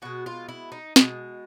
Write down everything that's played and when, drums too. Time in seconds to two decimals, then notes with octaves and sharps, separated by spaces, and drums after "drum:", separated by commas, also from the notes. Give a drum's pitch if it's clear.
0.02 B2 G#3 F#4
0.26 F4
0.49 E4
0.72 D#4
0.96 B2 G#3, drum: snare